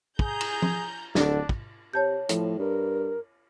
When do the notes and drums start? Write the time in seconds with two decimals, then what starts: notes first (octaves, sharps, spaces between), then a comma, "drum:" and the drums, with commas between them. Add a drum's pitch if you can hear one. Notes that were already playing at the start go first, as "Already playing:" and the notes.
0.19 G#4 G#5 A#5 G6, drum: kick
0.41 drum: cymbal
0.62 drum: tom F3
1.15 D1 D3 D4, drum: snare
1.49 drum: kick
1.93 C3 C#5 A5 G6
2.29 A2 F3, drum: hi-hat
2.59 G2 A#4